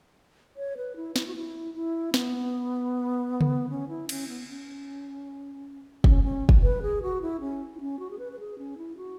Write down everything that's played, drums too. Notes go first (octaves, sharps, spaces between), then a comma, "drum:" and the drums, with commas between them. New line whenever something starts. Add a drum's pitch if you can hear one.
C#5
B4
E4
E4, drum: snare
F#4
E4
E4
B3, drum: snare
drum: tom C#3
C#4
E4
C#4, drum: cymbal
B3
C#4
C#4, drum: kick
C#4
drum: kick
B4
G#4
F#4
E4
C#4
E4
C#4
F#4
G#4
B4
B4
G#4
C#4
E4
F#4